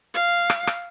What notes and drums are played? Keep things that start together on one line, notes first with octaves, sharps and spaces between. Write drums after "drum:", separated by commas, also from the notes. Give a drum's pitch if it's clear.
F5
drum: rim click
drum: rim click